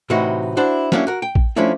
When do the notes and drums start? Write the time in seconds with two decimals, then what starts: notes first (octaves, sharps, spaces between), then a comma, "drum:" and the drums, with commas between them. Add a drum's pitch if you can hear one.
0.10 A2 C3 E3 D#4 F#4
0.57 D4 E4 F#4 C5
0.92 F#3 A#3 C#4 D4 E4, drum: snare
1.07 F#4 A#4
1.22 G5
1.35 drum: kick A1
1.56 F3 A3 C#4 D4 E4